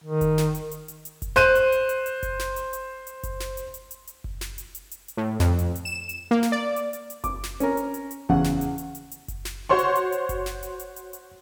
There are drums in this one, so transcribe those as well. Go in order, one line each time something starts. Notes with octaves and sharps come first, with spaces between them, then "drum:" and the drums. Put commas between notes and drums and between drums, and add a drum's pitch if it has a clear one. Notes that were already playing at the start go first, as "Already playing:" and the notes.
D#3
drum: kick F#1, hi-hat
drum: snare
drum: hi-hat
drum: hi-hat
drum: hi-hat
drum: hi-hat
drum: kick F#1, hi-hat
C5 F#6 D#7, drum: snare
drum: hi-hat
drum: hi-hat
drum: hi-hat
drum: hi-hat
drum: kick F#1, hi-hat
drum: snare
drum: hi-hat
drum: hi-hat
drum: hi-hat
drum: kick F#1, hi-hat
drum: snare
drum: hi-hat
drum: hi-hat
drum: hi-hat
drum: hi-hat
drum: kick F#1
drum: snare
drum: hi-hat
drum: hi-hat
drum: hi-hat
drum: hi-hat
A2
F2, drum: snare
drum: hi-hat
drum: hi-hat
E7
drum: hi-hat
A#3
drum: snare
D5
drum: hi-hat
drum: hi-hat
drum: hi-hat
D6, drum: kick F#1, hi-hat
drum: snare
C#4 A#4, drum: hi-hat
drum: hi-hat
drum: hi-hat
drum: hi-hat
E2 C#3 F#5, drum: kick F#1
drum: snare
drum: hi-hat
drum: hi-hat
drum: hi-hat
drum: hi-hat
drum: kick F#1, hi-hat
drum: snare
F#4 C5 C#5 C6 C#6
drum: hi-hat
drum: hi-hat
drum: hi-hat
drum: kick F#1, hi-hat
drum: snare
drum: hi-hat
drum: hi-hat
drum: hi-hat
drum: hi-hat